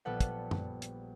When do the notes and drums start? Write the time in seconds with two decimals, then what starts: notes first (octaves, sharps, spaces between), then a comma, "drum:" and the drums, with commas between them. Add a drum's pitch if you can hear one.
0.05 A#1 G3 B3 A4 F#5
0.20 drum: kick, hi-hat
0.51 drum: tom F#2
0.82 drum: hi-hat